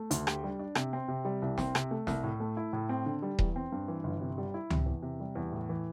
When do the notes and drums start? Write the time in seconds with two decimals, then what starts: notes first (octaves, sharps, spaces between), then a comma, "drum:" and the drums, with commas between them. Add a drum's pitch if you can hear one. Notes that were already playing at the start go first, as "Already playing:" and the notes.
Already playing: A3
0.11 D2, drum: hi-hat
0.27 G4, drum: rim click
0.44 G3
0.59 D4
0.75 C3, drum: rim click
0.93 C4
1.08 C3
1.25 G3
1.42 C2
1.58 C4, drum: snare
1.75 C3, drum: rim click
1.91 A3
2.07 C2, drum: snare
2.24 A2
2.40 A3
2.57 E4
2.73 A2
2.89 C4
3.06 D3
3.22 G3
3.39 E2, drum: kick D#1
3.56 C4
3.72 G2
3.88 E3
4.04 G1
4.21 C3
4.38 G3
4.54 E4
4.70 C3, drum: tom C#2
4.86 E2
5.02 C3
5.20 G3
5.35 E2
5.52 A2
5.69 E3